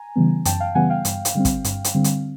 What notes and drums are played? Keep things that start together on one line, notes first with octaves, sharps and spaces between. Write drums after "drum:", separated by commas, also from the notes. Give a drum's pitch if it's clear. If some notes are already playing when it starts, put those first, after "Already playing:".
Already playing: G#5 A#5
C#3 E3 G3 B3
F#2 G5 A5, drum: hi-hat
F5 G5
C#3 E3 G3 B3 F#5 G#5
F5 G5
G2, drum: hi-hat
drum: hi-hat
D3 G3 C4
drum: kick, hi-hat
G2, drum: hi-hat
drum: hi-hat
D3 G3 C4
drum: hi-hat